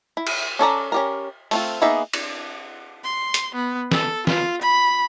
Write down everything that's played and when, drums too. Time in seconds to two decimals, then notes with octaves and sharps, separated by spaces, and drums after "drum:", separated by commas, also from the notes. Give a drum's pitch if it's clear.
0.17 E4
0.27 drum: cymbal
0.59 C#4 A4 D5 A#5
0.92 C#4 G4 A#4
1.51 A3 C4 F4, drum: open hi-hat
1.82 A#3 B3 D#4 G#4 E5
2.13 drum: cymbal
3.04 C6
3.34 drum: hi-hat
3.55 B3
3.92 A4, drum: snare
4.27 F4, drum: snare
4.62 B5